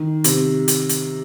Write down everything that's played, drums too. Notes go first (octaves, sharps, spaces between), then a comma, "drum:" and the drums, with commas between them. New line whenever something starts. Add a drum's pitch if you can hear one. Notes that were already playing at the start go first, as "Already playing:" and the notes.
Already playing: D#3
C3, drum: hi-hat
drum: hi-hat
drum: hi-hat